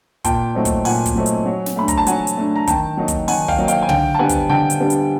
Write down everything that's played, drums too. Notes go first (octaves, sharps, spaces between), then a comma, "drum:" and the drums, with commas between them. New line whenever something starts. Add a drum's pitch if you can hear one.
A#2 G5 A5, drum: kick, hi-hat
F#3 A3 C4 D#4
drum: kick, hi-hat
A#2 F#5 G#5, drum: open hi-hat
drum: kick, hi-hat
F#3 A3 C4 D#4
drum: hi-hat
F#3
drum: snare
A3 D4 B5
A#5, drum: kick, hi-hat
A5
F#3 F#5 G#5, drum: hi-hat
drum: hi-hat
A3 D4
A#5
D#3 G5 A5, drum: kick, hi-hat
F#3 A#3 D#4
drum: kick, hi-hat
D#3 F#5 G#5, drum: open hi-hat
F5 G5, drum: kick
F#3 A#3 D#4
F5 G5, drum: hi-hat
G#5
D3 F5 G5, drum: tom
A5
G3 B3 D4 F#5 G#5
drum: kick, hi-hat
D3 G5 A5
drum: hi-hat
G3 B3 D4
drum: hi-hat